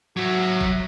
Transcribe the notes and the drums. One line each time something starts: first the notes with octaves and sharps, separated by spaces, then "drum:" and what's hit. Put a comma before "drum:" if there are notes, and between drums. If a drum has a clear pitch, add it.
F#3 F#4 C#5 E5
drum: kick G#1